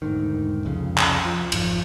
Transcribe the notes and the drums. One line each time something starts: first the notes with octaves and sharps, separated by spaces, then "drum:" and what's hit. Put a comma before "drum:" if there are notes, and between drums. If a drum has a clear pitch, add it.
E1 D2 G#2 D#3
C2 F2 C#3
drum: clap
F3
G#1 F2 F3, drum: cymbal